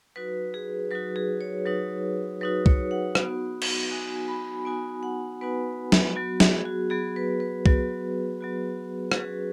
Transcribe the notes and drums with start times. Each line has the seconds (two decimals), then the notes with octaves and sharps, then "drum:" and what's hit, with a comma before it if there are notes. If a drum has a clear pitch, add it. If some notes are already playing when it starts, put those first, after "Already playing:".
0.16 F#3 D#4 F#4 B4
0.54 G#4
0.91 F#3 D#4 F#4 B4
1.16 G#4
1.41 C#5
1.65 F#3 D#4 F#4 B4
2.41 F#3 D#4 F#4 B4
2.66 C#5, drum: kick
2.91 F#5
3.15 B3 D#4 F#4, drum: rim click
3.62 drum: cymbal
3.91 B3 D#4 F#4 G#5
4.28 B5
4.65 B3 D#4 F#4 G#5
5.03 F#5
5.41 B3 D#4 F#4 B4
5.92 drum: snare
6.16 F#3 B3 F#4
6.40 G#4, drum: snare
6.65 F#4
6.90 F#3 B3 F#4 G#4
7.16 B4
7.40 B4
7.66 F#3 B3 F#4, drum: kick
8.40 F#3 B3 F#4
9.12 G#4, drum: rim click
9.16 F#3 C#4 F#4 B4